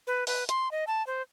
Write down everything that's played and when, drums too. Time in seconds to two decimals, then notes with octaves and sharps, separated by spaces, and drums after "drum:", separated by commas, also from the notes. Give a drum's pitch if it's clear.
0.07 B4
0.27 B4, drum: open hi-hat
0.49 C6, drum: hi-hat
0.71 D#5
0.87 A5
1.07 C5